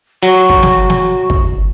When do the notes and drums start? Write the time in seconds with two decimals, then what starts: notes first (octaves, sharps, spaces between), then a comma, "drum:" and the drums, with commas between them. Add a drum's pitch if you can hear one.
0.23 F#3 F#4
0.49 drum: kick
0.63 drum: snare
0.90 drum: snare
1.30 drum: kick